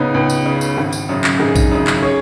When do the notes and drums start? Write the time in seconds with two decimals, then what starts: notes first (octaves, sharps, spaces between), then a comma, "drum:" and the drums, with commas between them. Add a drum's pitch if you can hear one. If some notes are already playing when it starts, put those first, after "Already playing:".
Already playing: C#2 C#3 B3 C#4 D#4
0.14 C#2
0.30 drum: tambourine
0.46 C#3
0.61 drum: tambourine
0.77 G#1
0.93 drum: tambourine
1.09 F#2 C#3
1.24 drum: clap
1.39 G#1 D#4 G#4
1.56 drum: kick, tambourine
1.71 F#2 C#3
1.87 drum: clap
2.02 G#4 C#5